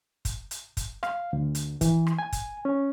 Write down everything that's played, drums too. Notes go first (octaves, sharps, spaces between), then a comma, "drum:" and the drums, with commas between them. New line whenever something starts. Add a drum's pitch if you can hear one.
drum: kick, hi-hat
drum: hi-hat
drum: kick, hi-hat
F5, drum: rim click
D2
drum: hi-hat
E3, drum: kick, hi-hat
drum: rim click
G#5
drum: kick, hi-hat
C#4